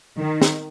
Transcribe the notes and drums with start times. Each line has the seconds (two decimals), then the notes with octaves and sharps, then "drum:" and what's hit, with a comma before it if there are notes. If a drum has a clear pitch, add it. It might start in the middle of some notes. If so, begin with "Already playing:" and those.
0.19 D#3
0.42 drum: snare